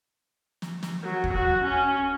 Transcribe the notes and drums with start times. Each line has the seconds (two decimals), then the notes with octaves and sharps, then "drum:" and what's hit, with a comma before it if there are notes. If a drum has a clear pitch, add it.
0.62 drum: snare
0.83 drum: snare
1.04 F#3
1.24 drum: kick D#2
1.34 F#4
1.65 C#4